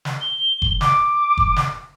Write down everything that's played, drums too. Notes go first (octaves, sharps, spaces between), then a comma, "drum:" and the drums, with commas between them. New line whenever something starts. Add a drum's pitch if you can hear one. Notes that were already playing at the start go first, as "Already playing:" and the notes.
drum: snare
G7
drum: kick F#1
D6, drum: snare
drum: kick F#1
drum: snare